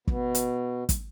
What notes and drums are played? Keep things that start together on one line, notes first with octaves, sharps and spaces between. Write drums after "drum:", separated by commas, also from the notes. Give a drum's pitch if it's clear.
B2, drum: kick
drum: hi-hat
drum: kick, hi-hat